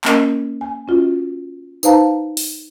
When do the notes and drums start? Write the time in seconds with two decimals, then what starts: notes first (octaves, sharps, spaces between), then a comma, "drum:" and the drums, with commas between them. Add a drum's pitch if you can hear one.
0.05 A#3 C#4 A#4 D#5, drum: clap
0.61 G#5
0.88 C#4 F4 F#4
1.83 D#4 B4 C5 F5 A5 A#5, drum: tambourine
2.37 drum: open hi-hat